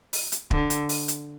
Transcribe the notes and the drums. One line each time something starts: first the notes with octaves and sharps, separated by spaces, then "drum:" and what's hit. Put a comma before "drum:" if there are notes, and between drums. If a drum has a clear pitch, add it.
drum: open hi-hat
drum: hi-hat
D3, drum: kick
drum: hi-hat
drum: open hi-hat
drum: hi-hat